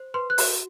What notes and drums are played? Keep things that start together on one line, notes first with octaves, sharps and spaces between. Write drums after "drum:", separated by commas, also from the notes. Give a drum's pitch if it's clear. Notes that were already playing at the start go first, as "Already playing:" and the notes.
Already playing: C5
B4 C6
F#6
F#4, drum: open hi-hat